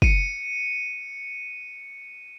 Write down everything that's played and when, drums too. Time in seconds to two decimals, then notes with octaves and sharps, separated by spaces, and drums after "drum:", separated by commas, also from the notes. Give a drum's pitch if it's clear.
0.02 C#7 D#7, drum: kick